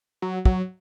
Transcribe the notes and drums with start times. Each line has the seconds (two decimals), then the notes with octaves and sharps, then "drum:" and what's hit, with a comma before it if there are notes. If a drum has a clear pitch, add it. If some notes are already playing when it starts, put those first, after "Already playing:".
0.22 F#3
0.45 F#3, drum: kick